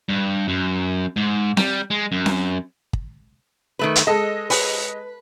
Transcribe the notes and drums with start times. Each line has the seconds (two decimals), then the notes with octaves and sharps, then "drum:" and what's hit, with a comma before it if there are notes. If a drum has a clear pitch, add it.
0.09 G2
0.48 F#2
1.16 G#2
1.57 G3, drum: snare C4
1.90 G#3
2.12 F#2
2.26 drum: snare C4
2.93 drum: kick
3.79 D#3 A3 B4
3.96 drum: hi-hat
4.07 G#3 A4 D#5
4.50 B4, drum: open hi-hat